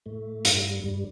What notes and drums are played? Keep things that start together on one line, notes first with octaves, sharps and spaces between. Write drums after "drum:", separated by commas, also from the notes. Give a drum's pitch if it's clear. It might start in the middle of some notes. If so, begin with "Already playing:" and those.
A2 A3
G2 G3, drum: hi-hat
G2 G3